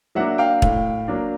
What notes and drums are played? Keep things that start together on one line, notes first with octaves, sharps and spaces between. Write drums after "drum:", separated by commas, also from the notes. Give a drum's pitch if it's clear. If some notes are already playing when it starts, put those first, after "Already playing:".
F#3 A#3 D4 E5 F#5
F5 G5
A2, drum: kick
F#3 A#3 D4